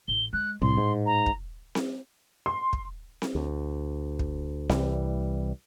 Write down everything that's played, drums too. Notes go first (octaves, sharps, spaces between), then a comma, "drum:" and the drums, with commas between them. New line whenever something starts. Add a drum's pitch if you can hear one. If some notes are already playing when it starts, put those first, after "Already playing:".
A1 G7
G#3 F#6
C2 A2 C6
G#2
A#5
drum: kick
drum: snare C4
C6
drum: kick
drum: snare C4
D2
drum: kick
C2 E3 G3, drum: snare C4